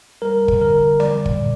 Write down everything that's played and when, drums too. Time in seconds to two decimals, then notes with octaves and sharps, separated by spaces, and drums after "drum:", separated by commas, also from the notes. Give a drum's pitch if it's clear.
0.22 G3 A#4
0.48 drum: kick
0.61 D3 A#4
1.00 G3 D5, drum: snare
1.26 drum: kick
1.39 A#2